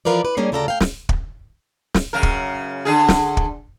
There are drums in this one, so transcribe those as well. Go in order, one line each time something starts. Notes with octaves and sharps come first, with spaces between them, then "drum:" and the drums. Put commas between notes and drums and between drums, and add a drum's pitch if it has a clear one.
E3 F3 F4 A#4 B4 D5
B4
G3 A#3 C#4 D4 G#4
D2 C#3 F4 A4 D5 A#5
F5 G5
drum: snare
drum: kick
drum: snare
F#2 C#3 A#4
drum: kick
D3 G#4
drum: snare
drum: kick